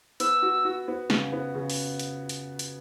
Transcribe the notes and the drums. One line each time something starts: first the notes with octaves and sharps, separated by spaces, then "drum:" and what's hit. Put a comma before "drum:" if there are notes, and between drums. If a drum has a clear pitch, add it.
B3 E6, drum: hi-hat
F#4
F#4
B3
C#3, drum: snare
B3
C#3
drum: open hi-hat
drum: hi-hat
drum: hi-hat
drum: hi-hat